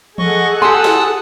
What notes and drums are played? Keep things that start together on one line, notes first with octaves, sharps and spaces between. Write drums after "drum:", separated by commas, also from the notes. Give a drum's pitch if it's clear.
G#4 A4 D#5 F#5 C#6, drum: tom E3
G4 G#5 A5 C6 D#6 E6
drum: snare